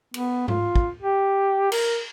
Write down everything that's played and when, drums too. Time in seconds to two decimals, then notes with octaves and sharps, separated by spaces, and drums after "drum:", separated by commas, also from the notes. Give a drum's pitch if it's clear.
0.14 B3, drum: cymbal
0.48 F4, drum: tom G#2
0.75 drum: kick
1.02 G4
1.72 A#4, drum: cymbal